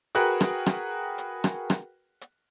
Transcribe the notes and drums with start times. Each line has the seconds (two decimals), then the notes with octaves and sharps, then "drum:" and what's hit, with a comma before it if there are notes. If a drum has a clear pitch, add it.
0.15 F#4 G#4 A#4 B4 F#5 G5, drum: hi-hat
0.41 drum: rim click
0.66 drum: rim click
1.18 drum: hi-hat
1.44 drum: rim click
1.70 drum: rim click
2.21 drum: hi-hat